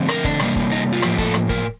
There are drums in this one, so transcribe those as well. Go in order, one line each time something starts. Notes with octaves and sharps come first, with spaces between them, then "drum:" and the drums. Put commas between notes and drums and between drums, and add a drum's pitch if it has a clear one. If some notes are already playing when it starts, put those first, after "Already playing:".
Already playing: D3 F3 A3 C4
A#4, drum: rim click
D4, drum: kick
C3 G3 A#3, drum: rim click
drum: kick
D#4
F4
A2 F3 A#3 G4, drum: rim click
A4, drum: kick
drum: rim click
A#4, drum: kick